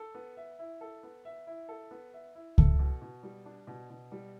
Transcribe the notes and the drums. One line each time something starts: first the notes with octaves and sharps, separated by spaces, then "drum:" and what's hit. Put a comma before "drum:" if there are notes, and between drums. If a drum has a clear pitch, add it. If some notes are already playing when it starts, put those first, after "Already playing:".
Already playing: A4
B3
E5
E4
A4
B3
E5
E4
A4
B3
E5
E4
A4, drum: kick C#2
B2
B2
G3
D4
B2
B2
G3